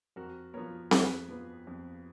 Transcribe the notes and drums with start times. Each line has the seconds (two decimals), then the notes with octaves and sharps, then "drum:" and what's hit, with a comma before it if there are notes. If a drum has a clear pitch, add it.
0.16 F2 F#4 A#4
0.54 F3 B3 A#4 C#5
0.91 F2 G#4 B4, drum: snare C4
1.29 F3 B3
1.67 F2